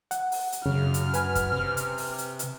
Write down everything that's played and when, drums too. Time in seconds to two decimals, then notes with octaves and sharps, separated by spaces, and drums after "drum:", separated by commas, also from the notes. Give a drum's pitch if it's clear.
0.11 F#5, drum: hi-hat
0.32 drum: open hi-hat
0.52 drum: hi-hat
0.66 F#2 C#3 F6
0.94 drum: hi-hat
1.14 B4 G#5, drum: hi-hat
1.35 drum: kick, hi-hat
1.52 C3
1.77 drum: hi-hat
1.98 drum: open hi-hat
2.18 drum: hi-hat
2.39 drum: hi-hat